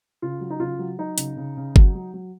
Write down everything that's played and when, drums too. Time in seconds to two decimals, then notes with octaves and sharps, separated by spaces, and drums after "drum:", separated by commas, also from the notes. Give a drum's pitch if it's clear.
0.22 C#3 F4
0.41 F#3
0.50 D#4
0.60 C#3 F4
0.79 F#3
0.98 F#3 D#4
1.18 C#3, drum: hi-hat
1.37 C#3
1.57 C#3
1.76 F#3, drum: kick G1
1.95 F#3
2.14 F#3